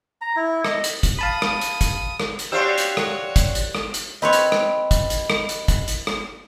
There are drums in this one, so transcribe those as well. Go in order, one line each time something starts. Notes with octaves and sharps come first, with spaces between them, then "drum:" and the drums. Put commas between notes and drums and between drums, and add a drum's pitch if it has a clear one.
A#5
E4
D#5, drum: rim click
drum: hi-hat
drum: kick, hi-hat
F5 A5 B5 D#6
drum: rim click
drum: hi-hat
drum: kick, hi-hat
drum: rim click
drum: hi-hat
D4 F#4 G4 C5 C#5 F5 E6
drum: hi-hat
drum: rim click
drum: kick, hi-hat
drum: hi-hat
drum: rim click
drum: hi-hat
C4 B4 C#5 D#5 B5
drum: hi-hat
drum: rim click
drum: kick, hi-hat
drum: hi-hat
drum: rim click
drum: hi-hat
drum: kick, hi-hat
drum: hi-hat
drum: rim click